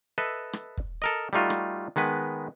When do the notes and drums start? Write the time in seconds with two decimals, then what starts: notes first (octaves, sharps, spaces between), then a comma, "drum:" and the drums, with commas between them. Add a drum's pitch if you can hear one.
0.18 A4 B4 D#5 E5
0.53 drum: rim click
0.77 drum: kick
1.02 A4 A#4 D#5
1.33 G3 A3 D#4 F4 F#4
1.50 drum: rim click
1.96 D#3 G#3 B3 B4